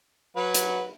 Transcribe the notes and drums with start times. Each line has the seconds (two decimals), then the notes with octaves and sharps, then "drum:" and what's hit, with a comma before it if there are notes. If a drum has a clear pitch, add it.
0.36 F#3 B4 F#5
0.54 drum: hi-hat